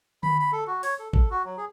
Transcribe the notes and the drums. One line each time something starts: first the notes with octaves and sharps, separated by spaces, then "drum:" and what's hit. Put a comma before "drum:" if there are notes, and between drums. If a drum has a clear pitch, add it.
B5, drum: tom D3
B5
A4
F#4
C#5, drum: open hi-hat
A4
A4, drum: kick A1
F#4
F#3
G#4